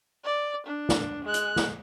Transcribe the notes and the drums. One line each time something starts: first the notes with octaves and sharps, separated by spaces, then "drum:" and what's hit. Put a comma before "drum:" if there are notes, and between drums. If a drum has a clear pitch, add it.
D5
D4
drum: snare
G#3 F#6
drum: hi-hat
drum: snare